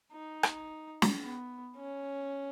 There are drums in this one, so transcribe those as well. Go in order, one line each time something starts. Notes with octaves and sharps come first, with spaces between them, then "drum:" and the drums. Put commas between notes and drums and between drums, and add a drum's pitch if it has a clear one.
D#4
drum: rim click
drum: snare
B3
C#4